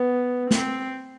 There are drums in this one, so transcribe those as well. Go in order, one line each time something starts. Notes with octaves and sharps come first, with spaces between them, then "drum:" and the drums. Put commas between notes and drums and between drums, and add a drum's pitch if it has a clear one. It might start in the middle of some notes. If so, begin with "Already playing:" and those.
Already playing: B3
C4, drum: snare